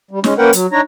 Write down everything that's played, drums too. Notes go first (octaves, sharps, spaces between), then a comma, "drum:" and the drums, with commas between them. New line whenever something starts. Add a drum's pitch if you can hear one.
G3
G#3 C#4, drum: snare
A#3 C#4 A#4 B4 F#5 G5
F#3, drum: hi-hat
D4 D#4 C#5 A#5